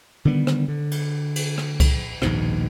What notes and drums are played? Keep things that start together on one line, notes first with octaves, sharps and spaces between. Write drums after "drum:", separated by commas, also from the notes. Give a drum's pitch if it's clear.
D3 D#3 G3 B3
drum: rim click
D3
drum: cymbal
drum: cymbal
drum: rim click
drum: kick C2, cymbal
A#1 D#2 G#2 B2, drum: rim click